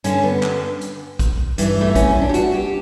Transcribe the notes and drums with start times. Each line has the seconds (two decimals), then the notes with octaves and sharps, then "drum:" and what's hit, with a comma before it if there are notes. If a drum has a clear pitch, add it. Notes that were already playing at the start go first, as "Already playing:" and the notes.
0.04 G2 D3 C#4, drum: hi-hat
0.23 B3
0.43 drum: clap
0.81 drum: hi-hat
1.19 drum: kick, hi-hat
1.58 G2 E3, drum: hi-hat
1.81 A3
1.88 B3
1.95 C#4, drum: kick, hi-hat
2.09 C#4
2.22 D4
2.29 G4
2.34 F#4, drum: hi-hat
2.54 G4